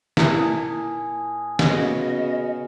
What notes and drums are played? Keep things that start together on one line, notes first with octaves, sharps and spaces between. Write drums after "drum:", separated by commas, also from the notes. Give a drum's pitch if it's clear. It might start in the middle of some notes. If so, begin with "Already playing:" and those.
A#2 E4 G#4 E5 A5, drum: snare
C#3 B3 F#4 D#5, drum: snare
F5